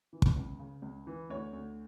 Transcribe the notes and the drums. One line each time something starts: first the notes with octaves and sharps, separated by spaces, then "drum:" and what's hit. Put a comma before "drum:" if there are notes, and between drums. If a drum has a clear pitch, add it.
E3
drum: kick
C#2
C#3
C#2
E3
D2 C#5
D2